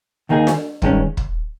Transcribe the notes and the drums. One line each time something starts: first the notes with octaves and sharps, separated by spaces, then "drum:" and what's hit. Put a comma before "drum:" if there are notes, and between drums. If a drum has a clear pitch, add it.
D#2 D#3 A#3 D#4 G#4
drum: snare D4
G2 D#3 G#3 C#4, drum: kick
drum: kick